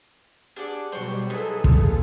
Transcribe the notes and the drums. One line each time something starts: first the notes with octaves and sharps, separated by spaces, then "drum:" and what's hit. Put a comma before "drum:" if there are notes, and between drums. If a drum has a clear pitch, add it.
D4 G4 G#4 D5 F#5
B2 F#3 G3 C5 C#6
D#4 E4 G#4 A4 B4
D#2 F3 F4, drum: kick